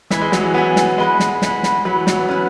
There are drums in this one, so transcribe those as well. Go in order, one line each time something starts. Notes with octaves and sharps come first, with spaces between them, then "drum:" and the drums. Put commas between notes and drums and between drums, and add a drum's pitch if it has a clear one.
E3 E4 B4 E5 G#5, drum: snare
G#3
F#3, drum: snare
E3
B3 E4 B4 E5 G#5
drum: snare
G#3 E4 B4 F#5
drum: snare
E4 B4 F#5, drum: snare
drum: snare
F#3 E4 B4 F#5
E3
F#3, drum: snare
B3
C#4 E4 B4 F#5